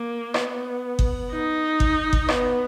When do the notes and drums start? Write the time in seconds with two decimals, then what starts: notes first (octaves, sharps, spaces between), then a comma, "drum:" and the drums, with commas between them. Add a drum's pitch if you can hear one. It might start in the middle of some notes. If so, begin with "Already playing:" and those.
Already playing: A#3
0.34 B3, drum: rim click
0.99 drum: kick G1
1.32 D#4
1.80 drum: kick G1
2.13 drum: kick G1
2.28 B3, drum: rim click